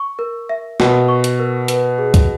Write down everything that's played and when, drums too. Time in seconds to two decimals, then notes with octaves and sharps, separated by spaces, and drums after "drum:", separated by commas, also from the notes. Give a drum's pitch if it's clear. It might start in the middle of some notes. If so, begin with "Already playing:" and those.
Already playing: C#6
0.19 A#4
0.49 E5
0.80 B2 A#4, drum: snare
1.08 C#6
1.24 drum: hi-hat
1.39 A#4
1.68 B4, drum: hi-hat
1.98 G#4
2.14 drum: kick, hi-hat